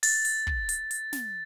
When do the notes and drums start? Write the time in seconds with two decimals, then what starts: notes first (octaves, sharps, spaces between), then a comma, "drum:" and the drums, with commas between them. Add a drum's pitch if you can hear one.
0.03 A6, drum: open hi-hat
0.25 drum: hi-hat
0.47 drum: kick
0.69 drum: hi-hat
0.91 drum: hi-hat
1.13 drum: snare